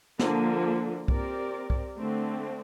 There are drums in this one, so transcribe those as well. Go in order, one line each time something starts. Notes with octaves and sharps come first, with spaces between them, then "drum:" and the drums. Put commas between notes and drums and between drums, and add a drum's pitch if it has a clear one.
D3 F3 A#3, drum: snare
C4 G4 A#4 D5, drum: kick C2
drum: kick C2
D3 A3 C4